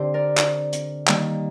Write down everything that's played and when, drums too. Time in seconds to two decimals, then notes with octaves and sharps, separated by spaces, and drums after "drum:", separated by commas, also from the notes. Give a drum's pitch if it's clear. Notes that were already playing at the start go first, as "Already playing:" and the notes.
Already playing: D3 C4 G4 C5
0.14 A#4 D5
0.37 drum: clap
0.73 drum: hi-hat
1.08 D#3 G3 A#3, drum: clap